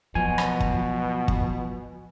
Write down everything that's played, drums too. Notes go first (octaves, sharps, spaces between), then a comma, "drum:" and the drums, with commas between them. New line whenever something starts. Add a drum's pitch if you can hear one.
B2 F3 F#3 G#5
drum: rim click
drum: kick
drum: kick